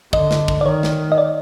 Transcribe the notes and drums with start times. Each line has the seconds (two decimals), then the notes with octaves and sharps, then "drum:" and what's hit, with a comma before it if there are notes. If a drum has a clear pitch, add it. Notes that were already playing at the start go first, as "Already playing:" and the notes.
0.13 D3 D#5, drum: kick
0.31 drum: snare
0.48 drum: kick
0.61 D5
0.65 D#3 C#5
0.83 drum: snare
1.12 D#5
1.18 D5